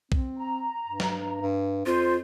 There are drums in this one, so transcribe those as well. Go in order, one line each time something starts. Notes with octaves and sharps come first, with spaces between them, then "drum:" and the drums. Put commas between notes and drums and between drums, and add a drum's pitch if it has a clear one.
C4, drum: kick B1
A#5
G2
drum: snare
G2
F2 F4 C5